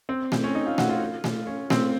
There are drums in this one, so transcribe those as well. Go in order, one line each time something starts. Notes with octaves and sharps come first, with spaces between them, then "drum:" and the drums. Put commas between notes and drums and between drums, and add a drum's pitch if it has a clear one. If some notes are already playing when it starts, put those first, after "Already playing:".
C4
drum: snare A3
C#4
D#4
F4
F#4, drum: snare A3
F4
drum: snare A3
C#4
C4, drum: snare A3